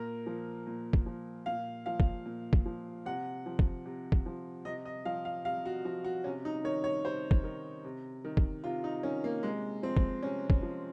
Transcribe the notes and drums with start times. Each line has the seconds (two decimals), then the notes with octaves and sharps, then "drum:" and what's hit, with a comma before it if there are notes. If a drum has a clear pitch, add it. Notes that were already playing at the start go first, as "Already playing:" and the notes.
Already playing: A#2 A#4
0.26 F3
0.67 A#2
0.93 drum: kick
1.06 F3
1.46 A#2 F5
1.86 F3 F5
2.00 drum: kick
2.26 A#2
2.53 drum: kick
2.66 F3
3.06 C3 F#5
3.46 F3
3.59 drum: kick
3.86 C3
4.12 drum: kick
4.26 F3
4.65 C3 D#5
4.85 D#5
5.05 F3 F5
5.25 F5
5.44 C3 F5
5.65 F#4
5.85 F3 F#4
6.04 F#4
6.24 C3 C#4
6.45 D#4
6.64 D#3 C#5
6.84 C#5
7.04 C3 C5
7.31 drum: kick
7.44 D#3
7.85 C3
8.24 D#3
8.37 drum: kick
8.64 C3 F4
8.84 D#4
9.03 D#3 C#4
9.24 A#3
9.43 C3 G#3
9.83 F3 C4
9.97 drum: kick
10.23 C3 C#4
10.50 drum: kick
10.63 F3